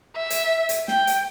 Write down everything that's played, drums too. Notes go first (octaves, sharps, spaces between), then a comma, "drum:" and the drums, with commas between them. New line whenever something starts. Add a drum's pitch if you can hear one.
E5
drum: hi-hat
drum: hi-hat
G5, drum: snare
drum: hi-hat